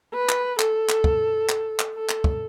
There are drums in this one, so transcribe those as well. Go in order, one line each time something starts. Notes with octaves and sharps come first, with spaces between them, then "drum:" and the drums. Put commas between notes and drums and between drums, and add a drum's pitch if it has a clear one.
B4
drum: clap
A4, drum: clap
drum: clap
drum: kick
drum: clap
drum: clap
A4
drum: clap
drum: kick